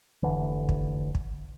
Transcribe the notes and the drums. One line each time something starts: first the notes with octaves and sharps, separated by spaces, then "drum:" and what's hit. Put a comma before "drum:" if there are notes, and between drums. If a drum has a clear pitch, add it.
F1 C2 D3 E3
drum: kick
drum: kick